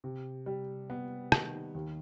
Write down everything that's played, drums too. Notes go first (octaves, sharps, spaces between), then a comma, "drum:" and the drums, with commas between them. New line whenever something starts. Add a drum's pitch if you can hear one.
C3
G3
B3
D#3, drum: rim click
D#2